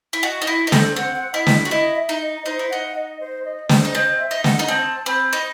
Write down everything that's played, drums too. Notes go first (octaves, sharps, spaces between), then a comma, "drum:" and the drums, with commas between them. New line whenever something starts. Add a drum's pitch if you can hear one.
E4
F#4 D#5
D#4
E4
D#4
C4 A4, drum: snare
C4 F#5
F#5
E4 D#5
drum: snare
F#4
E4 D#5
E5
D#4
D#5
D#4 C5
E4
D#4 F#5
D#5
C5
D#5
C5, drum: snare
D#4
C4 D#5
E5
D#4
F#5, drum: snare
D#4
C4 A5
C4 B5
D#4